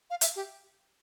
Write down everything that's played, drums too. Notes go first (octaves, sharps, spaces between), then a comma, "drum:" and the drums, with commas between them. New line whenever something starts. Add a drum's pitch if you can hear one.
F5
E5, drum: hi-hat
G4